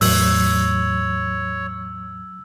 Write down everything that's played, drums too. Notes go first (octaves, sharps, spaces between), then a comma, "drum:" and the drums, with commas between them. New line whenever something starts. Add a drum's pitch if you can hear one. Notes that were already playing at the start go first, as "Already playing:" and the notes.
E2 A2 F#3 C#5 E6 F#7, drum: open hi-hat